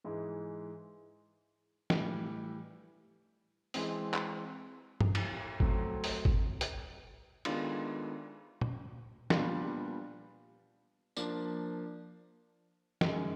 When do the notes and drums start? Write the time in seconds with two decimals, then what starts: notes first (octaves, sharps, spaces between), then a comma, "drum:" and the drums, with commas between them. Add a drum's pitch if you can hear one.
0.04 G#2 E3 G#3
1.90 A2 E3 G3, drum: snare
3.74 E3 G#3 C4, drum: open hi-hat
4.14 drum: clap
5.01 drum: tom
5.15 drum: cymbal
5.60 F#3 A3 C4, drum: kick G1
6.04 drum: open hi-hat
6.25 drum: kick G1
6.61 drum: hi-hat
7.45 D#3 G#3 B3 D4 F4, drum: cymbal
8.61 drum: tom A#2
9.30 A#2 G3 B3 D4 F4, drum: snare
11.16 F3 A#3 D4, drum: tambourine
13.01 F#2 D#3 G#3, drum: snare